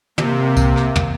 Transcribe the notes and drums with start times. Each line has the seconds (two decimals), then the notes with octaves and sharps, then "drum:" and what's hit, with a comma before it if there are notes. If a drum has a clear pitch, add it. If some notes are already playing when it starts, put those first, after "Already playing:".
0.18 C3 A#3, drum: tom
0.57 drum: kick C2, tambourine
0.76 drum: rim click
0.96 drum: tom